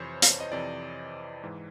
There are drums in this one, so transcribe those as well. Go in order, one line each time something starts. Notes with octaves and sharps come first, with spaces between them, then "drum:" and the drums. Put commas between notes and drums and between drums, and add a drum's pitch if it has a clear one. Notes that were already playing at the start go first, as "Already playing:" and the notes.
Already playing: F2 C3 E3 C5 C#5
drum: hi-hat
D#5
F2 C3 E3 D5
G#2 E3